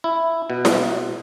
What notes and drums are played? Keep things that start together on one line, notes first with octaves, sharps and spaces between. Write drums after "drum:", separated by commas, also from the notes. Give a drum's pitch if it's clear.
E4
B2
drum: snare E4